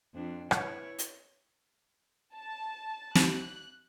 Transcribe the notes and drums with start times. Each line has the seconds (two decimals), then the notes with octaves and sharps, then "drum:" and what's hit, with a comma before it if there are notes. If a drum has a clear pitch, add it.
0.14 F2 D4
0.51 E4 B4 C#5, drum: rim click
0.99 drum: hi-hat
2.34 A5
3.15 F#6, drum: snare